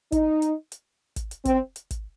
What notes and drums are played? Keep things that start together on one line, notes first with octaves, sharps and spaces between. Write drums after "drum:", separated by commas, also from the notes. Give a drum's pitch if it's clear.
D#4, drum: kick, hi-hat
drum: hi-hat
drum: hi-hat
drum: kick, hi-hat
drum: hi-hat
C4, drum: kick, hi-hat
drum: hi-hat
drum: kick, hi-hat